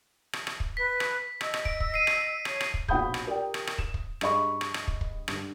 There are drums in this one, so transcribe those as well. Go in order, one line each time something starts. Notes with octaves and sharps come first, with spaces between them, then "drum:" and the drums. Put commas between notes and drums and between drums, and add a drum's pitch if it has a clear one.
drum: rim click
drum: rim click
drum: kick
B4 B6
drum: rim click
D#5 E6, drum: rim click
drum: rim click
D7, drum: kick
drum: kick
C7 D#7
drum: rim click
C#5, drum: rim click
drum: rim click
drum: kick
A#1 B2 F#5 B5 D#6 G6, drum: kick
drum: rim click
G4 A#4 D5 G5
drum: rim click
drum: rim click
E7, drum: kick
drum: kick
G2 D4 G#4 D#5 B5 C#6, drum: rim click
drum: rim click
drum: rim click
drum: kick
drum: kick
G2 D3, drum: rim click